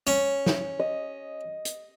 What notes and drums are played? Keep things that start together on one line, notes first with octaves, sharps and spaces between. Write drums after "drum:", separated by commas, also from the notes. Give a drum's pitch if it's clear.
C#4, drum: tambourine
drum: snare
D#5
drum: hi-hat